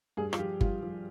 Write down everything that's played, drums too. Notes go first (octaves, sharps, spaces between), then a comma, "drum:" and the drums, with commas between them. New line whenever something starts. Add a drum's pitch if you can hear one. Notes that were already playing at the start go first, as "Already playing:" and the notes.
G2 G#4
F4, drum: rim click
F3 G4
G2 F4, drum: kick G1
F3